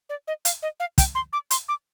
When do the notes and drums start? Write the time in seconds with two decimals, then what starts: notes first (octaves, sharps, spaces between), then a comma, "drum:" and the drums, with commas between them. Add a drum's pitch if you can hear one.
0.09 D5
0.27 D#5
0.45 F5, drum: hi-hat
0.62 D#5
0.80 F5
0.98 G5, drum: kick, hi-hat
1.15 C6
1.33 D6
1.51 C6, drum: hi-hat
1.68 D6